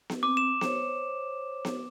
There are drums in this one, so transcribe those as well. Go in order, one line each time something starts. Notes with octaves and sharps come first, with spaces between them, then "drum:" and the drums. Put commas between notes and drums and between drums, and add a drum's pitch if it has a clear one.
drum: snare B3
C4 D6
E7
C5 C#5, drum: snare B3
drum: snare B3